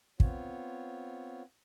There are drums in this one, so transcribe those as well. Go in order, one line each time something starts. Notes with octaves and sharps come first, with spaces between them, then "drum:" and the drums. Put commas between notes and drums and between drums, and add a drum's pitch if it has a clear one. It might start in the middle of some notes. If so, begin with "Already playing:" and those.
B3 C4 F4 C#5, drum: kick